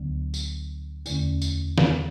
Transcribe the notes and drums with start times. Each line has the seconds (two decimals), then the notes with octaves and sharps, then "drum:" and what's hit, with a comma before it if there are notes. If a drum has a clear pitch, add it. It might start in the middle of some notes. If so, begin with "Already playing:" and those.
Already playing: D2 D3 F#3 B3
0.34 drum: tambourine
1.06 E2 D3 A3 C#4, drum: tambourine
1.42 drum: tambourine
1.78 drum: snare